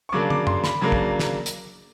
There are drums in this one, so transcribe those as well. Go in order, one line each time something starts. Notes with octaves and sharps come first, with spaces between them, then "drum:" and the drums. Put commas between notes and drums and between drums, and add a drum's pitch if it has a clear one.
C#6
C#3 F#3 A#3 D4 D6
D6, drum: tom
C6, drum: tom F#2
B5, drum: snare
C#3 F#3 A#3 D4 A#5
drum: kick
drum: snare
drum: hi-hat